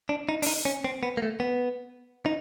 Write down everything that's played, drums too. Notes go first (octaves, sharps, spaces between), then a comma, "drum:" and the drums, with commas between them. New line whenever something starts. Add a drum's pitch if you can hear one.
D4
D#4
D4, drum: open hi-hat
D#4
C#4
C4
B3
A#3
A3
B3
D#4